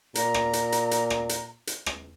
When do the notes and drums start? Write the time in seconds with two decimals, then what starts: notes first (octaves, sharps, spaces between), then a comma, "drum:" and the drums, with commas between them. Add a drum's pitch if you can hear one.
0.15 A#2 A#5, drum: hi-hat
0.34 drum: rim click
0.53 drum: hi-hat
0.72 drum: hi-hat
0.91 drum: hi-hat
1.10 drum: rim click
1.29 drum: hi-hat
1.67 drum: hi-hat
1.86 drum: rim click